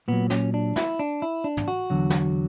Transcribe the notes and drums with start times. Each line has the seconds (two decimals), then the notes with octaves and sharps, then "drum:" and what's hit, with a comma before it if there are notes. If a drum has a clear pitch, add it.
0.08 A#2 F#3 B3
0.30 C#4, drum: snare
0.54 D4
0.76 E4, drum: snare
0.99 D4
1.22 E4
1.44 D4
1.57 drum: tom
1.68 F#4
1.90 E2 D3 F#3
2.10 drum: snare